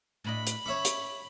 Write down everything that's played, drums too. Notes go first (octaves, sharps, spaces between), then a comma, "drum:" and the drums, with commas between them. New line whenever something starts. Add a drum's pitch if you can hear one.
A2 D4 D#5 B5
drum: hi-hat
C#4 C#5 E5 D6
drum: hi-hat